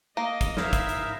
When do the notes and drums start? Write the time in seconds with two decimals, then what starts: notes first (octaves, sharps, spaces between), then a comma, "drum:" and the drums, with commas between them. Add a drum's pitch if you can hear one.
0.17 A#3 D#5
0.41 drum: kick, hi-hat
0.57 D#4 E4 A#4 E5 F5, drum: snare
0.73 drum: kick, hi-hat
0.89 drum: hi-hat